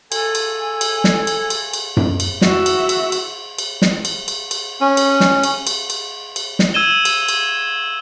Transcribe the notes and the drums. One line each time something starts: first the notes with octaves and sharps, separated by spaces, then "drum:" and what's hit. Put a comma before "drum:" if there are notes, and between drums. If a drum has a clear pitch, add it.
A4 G#5, drum: cymbal
drum: cymbal
drum: cymbal
drum: snare
drum: cymbal
drum: cymbal
drum: cymbal
drum: tom F#2
drum: cymbal
F#4 E5, drum: snare
drum: cymbal
drum: cymbal
drum: cymbal
drum: cymbal
drum: snare
drum: cymbal
drum: cymbal
drum: cymbal
C#4
drum: cymbal
drum: snare
drum: cymbal
drum: cymbal
drum: cymbal
drum: cymbal
drum: snare
E6 G#6 D#7 E7 G7
drum: cymbal
drum: cymbal